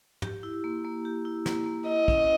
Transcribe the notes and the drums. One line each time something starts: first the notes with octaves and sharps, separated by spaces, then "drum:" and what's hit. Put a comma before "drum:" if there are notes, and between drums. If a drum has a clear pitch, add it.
G4, drum: tom
E4
A#3
A#3
G4
E4
A#3, drum: snare
A#3
E4 D#5
C#4, drum: kick